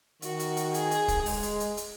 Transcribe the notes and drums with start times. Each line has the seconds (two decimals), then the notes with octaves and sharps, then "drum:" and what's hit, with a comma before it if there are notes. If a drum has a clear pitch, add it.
0.22 D#3 F#4, drum: hi-hat
0.39 drum: hi-hat
0.57 drum: hi-hat
0.74 G#4, drum: hi-hat
0.91 drum: hi-hat
1.08 drum: kick, hi-hat
1.26 G#3, drum: open hi-hat
1.43 drum: hi-hat
1.60 drum: hi-hat
1.77 drum: hi-hat